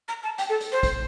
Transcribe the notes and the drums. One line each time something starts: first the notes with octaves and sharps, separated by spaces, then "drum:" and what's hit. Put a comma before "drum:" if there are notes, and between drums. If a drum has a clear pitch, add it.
A#5
A5
G5, drum: hi-hat
A4
drum: hi-hat
C5
drum: kick, hi-hat